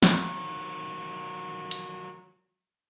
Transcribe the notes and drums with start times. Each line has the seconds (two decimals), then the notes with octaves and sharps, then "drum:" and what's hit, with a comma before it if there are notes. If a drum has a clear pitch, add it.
0.02 D#3 F#3, drum: snare
1.71 drum: hi-hat